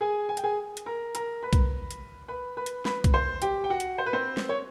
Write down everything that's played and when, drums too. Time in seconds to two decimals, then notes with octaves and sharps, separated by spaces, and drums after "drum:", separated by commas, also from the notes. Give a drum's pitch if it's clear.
0.01 G#4 G#5
0.29 G#5
0.37 G5, drum: hi-hat
0.44 G#4 G#5
0.77 drum: hi-hat
0.86 A#4 A#5
1.15 A#4 A#5, drum: hi-hat
1.43 B4 B5
1.53 drum: kick B1, hi-hat
1.91 drum: hi-hat
2.28 B4 B5
2.57 B4 B5
2.66 drum: hi-hat
2.85 B4 B5, drum: snare
3.04 drum: kick B1, hi-hat
3.14 C5 C6
3.42 G4 G5, drum: hi-hat
3.64 G5
3.70 F#4 F#5
3.80 drum: hi-hat
3.98 C5
4.06 B4
4.13 C4 C5
4.37 drum: snare
4.49 C#5